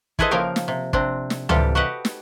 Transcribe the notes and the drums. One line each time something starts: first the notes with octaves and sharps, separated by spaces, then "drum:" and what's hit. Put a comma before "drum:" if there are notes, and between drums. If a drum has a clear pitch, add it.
E4 G#4 A4 B4 C5 D#5, drum: kick
C#3 F3 A#3 A#4 F5 G5
drum: snare
C3
C3 C4 D4, drum: kick
drum: snare
C3 E3 G3 F4 G4 A4, drum: tom C#2
F#4 G4 B4 D#5 F#5
drum: snare